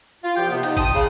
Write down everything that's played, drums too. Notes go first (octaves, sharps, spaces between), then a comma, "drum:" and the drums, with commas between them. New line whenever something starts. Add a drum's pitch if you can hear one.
F4
C2 F3 G4 G5
C3 B3
D#4, drum: hi-hat
G5 A5 C6 D#6, drum: kick G#1, hi-hat
C#3